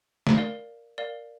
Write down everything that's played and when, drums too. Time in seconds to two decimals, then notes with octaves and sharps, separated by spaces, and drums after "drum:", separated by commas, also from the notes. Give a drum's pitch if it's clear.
0.27 drum: snare
0.36 A#4 D5 F5
0.98 A#4 D5 F5